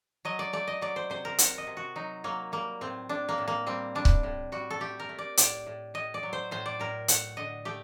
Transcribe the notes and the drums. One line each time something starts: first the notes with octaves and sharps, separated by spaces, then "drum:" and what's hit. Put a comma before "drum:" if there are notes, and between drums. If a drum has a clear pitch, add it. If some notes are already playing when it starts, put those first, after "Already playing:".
F#3 D#5
D5
A3 D5
D#5
F#3 D5
C5
C3 C5
A#4
C3 F#5, drum: hi-hat
D#5
C3
F#4
F#3 D#4
F#3 A#3
G3 A#3
A2 C4
A2 D4
A#3
A2
A#3
G3 C4
G3 D4
drum: kick C#1
A2
G3 F#4
A4
A3 G4
A#4
A3
D5
A2 D5, drum: hi-hat
A2
A2 D#5
D5
F#3
C5
A2 C5
D5
A2 A#4
A3 F#5, drum: hi-hat
D3 D#5
A3 G4